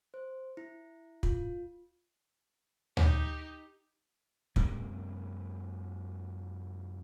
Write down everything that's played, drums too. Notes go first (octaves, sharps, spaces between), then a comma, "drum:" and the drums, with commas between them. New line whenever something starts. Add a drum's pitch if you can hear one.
C5
E4
F4, drum: kick
D#4 G4, drum: tom D2
F#2 C3 G#3 A#3, drum: kick